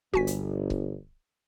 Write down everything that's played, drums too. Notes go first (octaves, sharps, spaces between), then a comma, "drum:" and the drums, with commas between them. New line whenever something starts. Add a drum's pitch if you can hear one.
G1 F#4 G#5 B6, drum: kick C#1
drum: hi-hat
drum: kick C#1